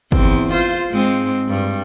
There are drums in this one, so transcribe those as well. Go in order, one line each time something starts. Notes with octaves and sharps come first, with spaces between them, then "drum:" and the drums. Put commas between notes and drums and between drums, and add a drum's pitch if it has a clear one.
E2 C4, drum: kick
F4 C5
G#2 G#3 C4
G2